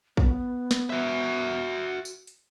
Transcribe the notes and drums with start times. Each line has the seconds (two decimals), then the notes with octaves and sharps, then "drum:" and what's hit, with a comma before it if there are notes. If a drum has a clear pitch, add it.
0.17 B3, drum: kick A#1
0.71 drum: snare
0.90 F#4 E5
2.05 drum: tambourine
2.27 drum: hi-hat